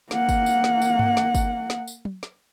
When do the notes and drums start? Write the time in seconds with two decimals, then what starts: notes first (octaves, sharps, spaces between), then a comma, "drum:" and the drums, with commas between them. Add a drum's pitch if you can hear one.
0.11 A#3 F#5, drum: snare
0.29 drum: kick G1, tambourine
0.46 drum: tambourine
0.64 drum: snare
0.82 drum: tambourine
0.99 drum: tom G2
1.17 drum: snare
1.35 drum: kick G1, tambourine
1.70 drum: snare
1.88 drum: tambourine
2.05 drum: tom
2.23 drum: snare